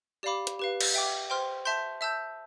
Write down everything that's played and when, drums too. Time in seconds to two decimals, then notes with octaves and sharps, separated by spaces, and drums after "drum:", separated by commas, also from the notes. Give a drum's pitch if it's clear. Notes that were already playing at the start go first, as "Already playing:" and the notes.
0.23 G4 D5 F5 B5 D6
0.47 drum: hi-hat
0.59 G4 B4 F5
0.81 drum: cymbal
0.94 E5 G5 D6
1.30 C5 G5 C6 F6
1.65 E5 A5 C6 G6
2.01 E5 A5 E6 G6